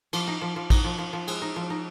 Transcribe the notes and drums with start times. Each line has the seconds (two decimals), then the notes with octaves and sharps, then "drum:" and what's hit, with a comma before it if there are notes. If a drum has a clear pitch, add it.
0.13 F3, drum: cymbal
0.27 D#4
0.42 F3
0.56 F3
0.70 D#4, drum: kick A1, cymbal
0.85 F3
0.99 F3
1.13 F3
1.27 G#3, drum: cymbal
1.42 D#4
1.56 F3
1.70 D#4